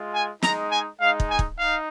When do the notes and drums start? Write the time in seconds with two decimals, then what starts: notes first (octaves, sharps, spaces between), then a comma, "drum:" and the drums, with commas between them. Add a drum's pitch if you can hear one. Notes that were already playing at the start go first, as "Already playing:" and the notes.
Already playing: G#3 F4
0.14 G#5
0.42 G#3 D#4 A#5, drum: snare
0.71 G#5
1.00 G#3 D#4 F5
1.20 drum: kick
1.29 G#5
1.39 drum: kick
1.58 D#4 F5